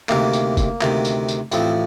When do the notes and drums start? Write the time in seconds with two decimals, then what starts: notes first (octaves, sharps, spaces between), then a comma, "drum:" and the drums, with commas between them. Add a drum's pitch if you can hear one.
0.09 D2 C3 D#3 A#3, drum: clap
0.33 drum: tambourine
0.57 drum: kick, tambourine
0.81 D2 C3 D#3, drum: clap
1.05 drum: tambourine
1.28 drum: tambourine
1.52 A1 A2 F3 C4, drum: tambourine